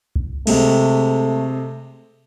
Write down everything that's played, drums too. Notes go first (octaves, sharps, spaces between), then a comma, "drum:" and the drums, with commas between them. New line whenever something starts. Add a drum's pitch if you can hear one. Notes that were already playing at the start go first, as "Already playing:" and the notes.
drum: kick C#2
C3 G#3 A3, drum: cymbal